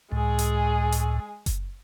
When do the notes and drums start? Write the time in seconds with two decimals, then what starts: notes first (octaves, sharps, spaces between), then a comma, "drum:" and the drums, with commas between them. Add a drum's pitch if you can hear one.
0.12 C#2 A2 G#3 G#4
0.39 drum: hi-hat
0.92 drum: hi-hat
1.46 drum: kick F#1, hi-hat